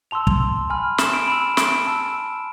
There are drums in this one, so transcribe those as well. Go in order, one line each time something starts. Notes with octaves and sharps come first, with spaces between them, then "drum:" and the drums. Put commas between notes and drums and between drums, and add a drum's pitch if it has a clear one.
A5 C6 E6 F7
F7, drum: kick
G#5 B5 F6
E7, drum: snare
D7
B5 E6
D7, drum: snare
A5 E6